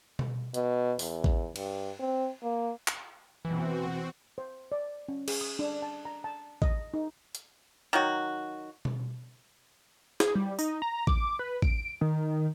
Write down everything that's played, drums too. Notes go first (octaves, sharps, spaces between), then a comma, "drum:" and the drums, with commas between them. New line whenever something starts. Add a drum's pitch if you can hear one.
drum: tom B2
B2, drum: hi-hat
E2, drum: open hi-hat
drum: kick A1
G2, drum: cymbal
C4
A#3
drum: clap
E2 B2 E3 C4 F#4
C5
D5
C#4
G#4, drum: cymbal
D#6
D4
A5
A#5
A5
D#5, drum: kick A1
D#4
drum: hi-hat
D#3 F#3 F#4
drum: tom B2
G#4, drum: snare
G3
D#4, drum: tambourine
A#5
D6, drum: kick A1
B4
D7, drum: kick A1
D#3